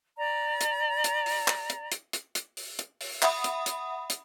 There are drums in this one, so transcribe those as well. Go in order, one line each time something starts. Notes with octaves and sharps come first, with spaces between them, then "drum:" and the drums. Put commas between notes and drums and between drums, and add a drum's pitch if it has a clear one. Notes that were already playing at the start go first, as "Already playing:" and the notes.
D5 A#5
drum: hi-hat
drum: hi-hat
drum: open hi-hat
drum: clap
drum: hi-hat
drum: hi-hat
drum: hi-hat
drum: hi-hat
drum: open hi-hat
drum: hi-hat
drum: open hi-hat
E5 F#5 B5 D#6, drum: clap
drum: hi-hat
drum: hi-hat
drum: hi-hat